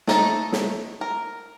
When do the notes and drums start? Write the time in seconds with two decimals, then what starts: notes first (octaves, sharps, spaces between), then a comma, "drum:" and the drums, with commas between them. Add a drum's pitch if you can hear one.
0.07 A3 D#4 A4, drum: snare
0.52 drum: snare
1.01 A#4